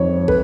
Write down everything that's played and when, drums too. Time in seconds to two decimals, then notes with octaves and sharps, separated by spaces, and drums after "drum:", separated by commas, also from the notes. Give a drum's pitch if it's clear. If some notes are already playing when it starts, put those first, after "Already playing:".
Already playing: F2 D#3 C#5
0.28 B4, drum: kick